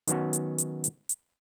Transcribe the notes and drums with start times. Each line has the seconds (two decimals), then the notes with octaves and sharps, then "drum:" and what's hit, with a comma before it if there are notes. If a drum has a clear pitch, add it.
0.07 D#3 F#3 B3 C#4 F#4, drum: hi-hat
0.33 drum: hi-hat
0.58 drum: hi-hat
0.84 drum: hi-hat
1.09 drum: hi-hat